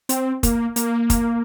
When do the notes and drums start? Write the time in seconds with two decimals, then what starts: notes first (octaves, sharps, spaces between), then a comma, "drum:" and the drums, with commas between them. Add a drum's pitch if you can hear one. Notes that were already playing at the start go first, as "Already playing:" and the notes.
0.09 C4, drum: hi-hat
0.43 A#3, drum: kick, hi-hat
0.76 A#3, drum: hi-hat
1.10 drum: kick, hi-hat